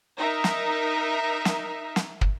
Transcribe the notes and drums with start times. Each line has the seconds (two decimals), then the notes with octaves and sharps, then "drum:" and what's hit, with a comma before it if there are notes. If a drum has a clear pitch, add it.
0.19 D#4 A#4 E5
0.44 drum: snare
1.45 drum: snare
1.96 drum: snare
2.21 drum: kick